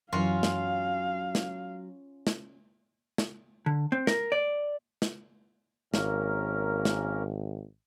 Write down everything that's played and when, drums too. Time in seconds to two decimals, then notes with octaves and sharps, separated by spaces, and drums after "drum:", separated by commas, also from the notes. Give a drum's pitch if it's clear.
0.12 F#2 E3 F#3 C#4 F4 F#4 F5
0.43 drum: snare
1.35 drum: snare
2.27 drum: snare
3.18 drum: snare
3.66 D3
3.92 C4
4.07 A#4, drum: snare
4.32 D5
5.02 drum: snare
5.94 G#1 A#3 C#4 A#4, drum: snare
6.85 drum: snare